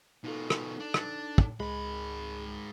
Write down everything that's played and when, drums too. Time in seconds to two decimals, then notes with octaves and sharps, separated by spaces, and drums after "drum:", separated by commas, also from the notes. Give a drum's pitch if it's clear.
0.24 B2 D#4 F4 A4
0.50 drum: rim click
0.80 D4
0.94 drum: rim click
1.38 drum: kick
1.60 C#2 G#2 G#3 B5